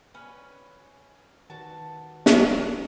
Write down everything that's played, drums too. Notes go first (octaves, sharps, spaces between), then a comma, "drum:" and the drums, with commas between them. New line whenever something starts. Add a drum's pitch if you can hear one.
C#4 B4
D#3 F#4 B4 A5
drum: snare